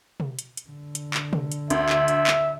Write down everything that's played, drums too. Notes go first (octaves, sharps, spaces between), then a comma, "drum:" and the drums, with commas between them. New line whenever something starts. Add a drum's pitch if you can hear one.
drum: tom
drum: hi-hat
drum: hi-hat
D3
drum: hi-hat
drum: clap
drum: tom
drum: hi-hat
D2 E5, drum: hi-hat
drum: clap
drum: hi-hat
drum: clap